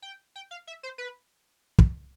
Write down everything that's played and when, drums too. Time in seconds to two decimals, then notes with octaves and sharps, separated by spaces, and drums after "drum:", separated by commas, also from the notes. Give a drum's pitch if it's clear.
0.02 G5
0.36 G5
0.51 F5
0.67 E5
0.83 C5
0.98 B4
1.79 drum: kick